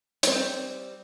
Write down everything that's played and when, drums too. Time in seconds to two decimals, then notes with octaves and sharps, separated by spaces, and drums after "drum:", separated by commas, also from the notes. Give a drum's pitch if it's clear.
0.23 G3 C4, drum: hi-hat